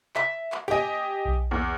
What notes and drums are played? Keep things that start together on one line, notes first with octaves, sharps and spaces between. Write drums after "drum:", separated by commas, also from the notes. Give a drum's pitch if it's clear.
E5, drum: clap
drum: clap
G4 D#5 G5 G#5
drum: kick B1
E2